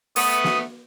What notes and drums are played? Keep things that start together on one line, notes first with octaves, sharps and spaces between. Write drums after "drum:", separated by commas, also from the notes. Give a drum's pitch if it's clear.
A3 B3 D#6, drum: open hi-hat
drum: snare